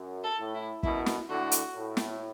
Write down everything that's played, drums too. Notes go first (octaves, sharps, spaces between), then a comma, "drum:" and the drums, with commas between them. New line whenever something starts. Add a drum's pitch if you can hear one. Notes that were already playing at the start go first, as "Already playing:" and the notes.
Already playing: F#2
A4
A2
E4
F#2 B2 E4, drum: kick
drum: snare
A2 D3 F#4
drum: hi-hat
A2
drum: snare